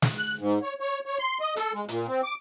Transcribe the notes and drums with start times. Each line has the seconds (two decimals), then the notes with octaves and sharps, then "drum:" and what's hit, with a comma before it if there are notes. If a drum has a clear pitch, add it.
0.02 drum: snare
0.17 F#6
0.39 G#2
0.63 C#5
0.80 C#5
1.06 C#5
1.19 C6
1.40 D#5
1.56 A4, drum: hi-hat
1.73 G#3
1.89 A#2, drum: hi-hat
2.07 C4
2.24 D6